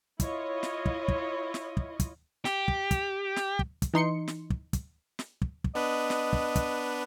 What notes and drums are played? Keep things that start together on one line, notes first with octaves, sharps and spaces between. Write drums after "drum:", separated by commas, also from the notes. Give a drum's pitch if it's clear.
E4 F4 C#5 D#5, drum: kick, hi-hat
drum: snare
drum: kick
drum: kick
drum: snare
drum: kick
drum: kick, hi-hat
G4, drum: snare
drum: kick
drum: kick, hi-hat
drum: snare
drum: kick
drum: kick, hi-hat
E3 D#4 C6 C#7
drum: snare
drum: kick
drum: kick, hi-hat
drum: snare
drum: kick
drum: kick
B3 D4 B4 D#5
drum: snare
drum: kick
drum: kick, hi-hat